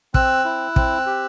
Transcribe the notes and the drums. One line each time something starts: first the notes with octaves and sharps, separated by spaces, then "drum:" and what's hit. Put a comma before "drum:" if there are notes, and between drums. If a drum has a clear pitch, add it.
C4 E6 F#6, drum: kick
E4
C4, drum: kick
G4